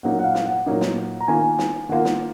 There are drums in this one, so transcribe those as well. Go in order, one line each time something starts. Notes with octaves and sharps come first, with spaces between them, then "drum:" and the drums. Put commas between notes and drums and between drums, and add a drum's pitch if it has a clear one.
A#2 F#3 A#3 D#4 F#5
F#5
F5
drum: snare
F#5
A#2 F#3 A#3 D#4
drum: snare
A#5
D#3 A#3 F4 G#5
drum: snare
D#3 A#3 F4 F#5
drum: snare